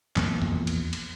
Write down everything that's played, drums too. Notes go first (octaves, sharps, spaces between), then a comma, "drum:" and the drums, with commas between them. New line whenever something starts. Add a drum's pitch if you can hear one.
A#1 E2 A#3, drum: clap
drum: tom F2
drum: cymbal
drum: cymbal